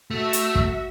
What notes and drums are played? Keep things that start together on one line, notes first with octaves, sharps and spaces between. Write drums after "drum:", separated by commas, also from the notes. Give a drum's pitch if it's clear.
A3 F#4 E5
drum: hi-hat
drum: kick